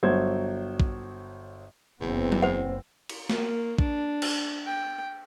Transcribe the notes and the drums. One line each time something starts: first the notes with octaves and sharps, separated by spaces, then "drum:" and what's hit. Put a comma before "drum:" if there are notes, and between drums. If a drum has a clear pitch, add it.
G1 F#3 C5 G#6
drum: kick
F#1 E2 B3 C4
drum: tom F#3
C5 F#5
drum: cymbal
A#3, drum: snare
D4, drum: kick
drum: cymbal
G5